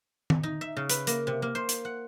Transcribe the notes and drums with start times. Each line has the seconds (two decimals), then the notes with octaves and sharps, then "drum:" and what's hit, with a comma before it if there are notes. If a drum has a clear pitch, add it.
0.30 drum: tom D#3
0.43 D#4
0.61 E5
0.77 C#3
0.89 B4, drum: hi-hat
1.07 A#3, drum: hi-hat
1.27 C3
1.42 A#3
1.55 C5
1.69 drum: hi-hat
1.85 F#5